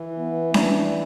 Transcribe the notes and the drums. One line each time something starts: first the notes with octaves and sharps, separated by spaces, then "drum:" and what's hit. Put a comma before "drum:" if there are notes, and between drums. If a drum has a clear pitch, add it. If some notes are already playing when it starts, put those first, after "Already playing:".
Already playing: E3
B3
D4, drum: snare C#4